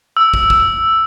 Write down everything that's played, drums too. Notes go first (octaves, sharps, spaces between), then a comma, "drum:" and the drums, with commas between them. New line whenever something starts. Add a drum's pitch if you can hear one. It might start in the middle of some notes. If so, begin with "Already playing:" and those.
E6
drum: kick
drum: kick